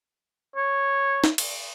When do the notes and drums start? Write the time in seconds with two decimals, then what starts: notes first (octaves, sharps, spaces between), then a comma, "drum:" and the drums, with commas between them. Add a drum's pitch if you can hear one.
0.56 C#5
1.24 drum: snare
1.38 drum: cymbal